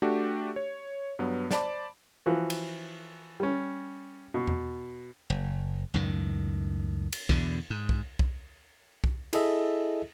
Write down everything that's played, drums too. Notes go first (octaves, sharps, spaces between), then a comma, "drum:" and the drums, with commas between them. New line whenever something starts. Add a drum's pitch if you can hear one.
A3 D4 F#4 G4
C#5
G2 F#3 B3
C5 D5 A5 B5 D6, drum: snare
E3 F3 F#4
drum: cymbal
G3 C#4
B2
drum: tom E2
F#1
C#2 F#2 A2 D#3
drum: cymbal
E2 B2 D3, drum: kick B1
G#2
drum: kick B1
drum: kick B1
drum: kick B1
E4 G#4 A4 D#5 E5, drum: cymbal